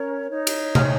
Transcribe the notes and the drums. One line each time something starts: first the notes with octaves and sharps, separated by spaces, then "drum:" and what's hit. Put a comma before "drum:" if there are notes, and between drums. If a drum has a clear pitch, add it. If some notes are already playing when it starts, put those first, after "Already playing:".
Already playing: C#4 A#4 C#5
D#4 C#5
drum: cymbal
F6, drum: tom C3